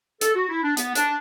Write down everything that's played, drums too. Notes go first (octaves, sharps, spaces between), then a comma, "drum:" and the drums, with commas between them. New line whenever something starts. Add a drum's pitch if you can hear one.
A4, drum: hi-hat
F#4
E4
D4
B3, drum: hi-hat
D4, drum: hi-hat